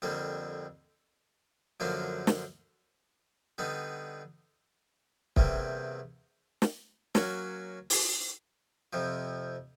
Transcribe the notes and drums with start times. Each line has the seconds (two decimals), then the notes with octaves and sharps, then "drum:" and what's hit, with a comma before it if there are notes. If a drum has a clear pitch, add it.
0.02 F2 D3 G3 A#3
1.80 F#2 D3 F3 A#3 D4
2.27 drum: snare
3.58 D3 G3 B3 D#4
5.36 E2 C3 E3 G3 A#3, drum: kick
6.62 drum: snare
7.15 F#3 A#3 C#4 F#4, drum: snare
7.90 drum: open hi-hat
8.93 F2 C3 F3